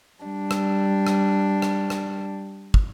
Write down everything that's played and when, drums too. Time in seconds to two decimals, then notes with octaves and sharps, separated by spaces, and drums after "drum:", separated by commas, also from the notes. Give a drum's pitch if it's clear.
0.23 G3 D4
0.51 drum: rim click
1.07 drum: rim click
1.62 drum: rim click
1.90 drum: rim click
2.74 drum: kick